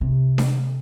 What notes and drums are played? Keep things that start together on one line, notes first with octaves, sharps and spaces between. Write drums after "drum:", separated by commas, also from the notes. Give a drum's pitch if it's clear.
C3
drum: snare D4